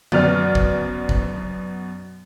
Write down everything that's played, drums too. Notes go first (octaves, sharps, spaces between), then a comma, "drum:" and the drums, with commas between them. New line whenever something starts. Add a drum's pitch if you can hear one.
F#2 B2 D5 F6, drum: tom D3
drum: kick
drum: kick